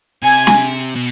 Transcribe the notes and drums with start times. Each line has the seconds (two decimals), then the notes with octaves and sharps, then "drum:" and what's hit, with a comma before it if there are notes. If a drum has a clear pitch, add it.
0.23 C3 G#5
0.47 drum: snare
0.95 B2